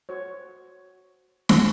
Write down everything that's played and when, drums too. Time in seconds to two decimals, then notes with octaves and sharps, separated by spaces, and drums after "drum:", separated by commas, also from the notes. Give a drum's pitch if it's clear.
0.09 F#4 C5 C#5
1.49 drum: snare